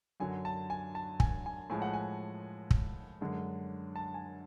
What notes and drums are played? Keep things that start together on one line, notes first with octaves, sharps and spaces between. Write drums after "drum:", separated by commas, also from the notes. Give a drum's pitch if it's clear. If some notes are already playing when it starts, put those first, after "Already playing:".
F#2 D3 F#3 G#5
A5
G#5
A5
G#5, drum: kick
G#5
A2 F3 G#3 G#5
F#5
G#5
drum: kick
F#2 D3 G#3
A5
G#5